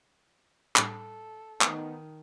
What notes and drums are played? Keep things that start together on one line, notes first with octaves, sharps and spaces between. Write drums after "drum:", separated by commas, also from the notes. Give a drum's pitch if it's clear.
A2 G3 D4 A4, drum: clap
D#3 A3 B3 D#4 C5 G5, drum: clap